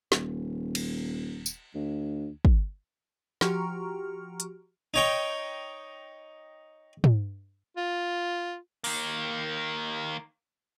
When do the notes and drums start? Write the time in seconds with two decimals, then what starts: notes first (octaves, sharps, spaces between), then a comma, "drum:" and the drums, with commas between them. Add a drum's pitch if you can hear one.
0.12 D#1, drum: snare
0.75 drum: cymbal
1.46 drum: tambourine
1.75 D2
2.45 drum: kick
3.41 F3 F#4 G4 A#5 C#6 F6, drum: snare
4.40 drum: hi-hat
4.94 D#4 C#5 G5
7.04 drum: tom
7.77 F4
8.84 D#3 A#3, drum: open hi-hat